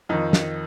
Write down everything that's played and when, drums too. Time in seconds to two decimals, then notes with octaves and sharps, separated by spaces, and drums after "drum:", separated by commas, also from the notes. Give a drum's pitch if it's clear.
0.09 F2 D#3 D#4
0.33 drum: snare